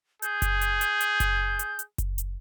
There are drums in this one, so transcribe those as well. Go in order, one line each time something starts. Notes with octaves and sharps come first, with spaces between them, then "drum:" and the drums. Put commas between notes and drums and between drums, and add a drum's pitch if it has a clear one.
G#4 G6, drum: hi-hat
drum: kick F#1, hi-hat
drum: hi-hat
drum: hi-hat
drum: hi-hat
drum: kick F#1, hi-hat
drum: hi-hat
drum: hi-hat
drum: kick F#1, hi-hat
drum: hi-hat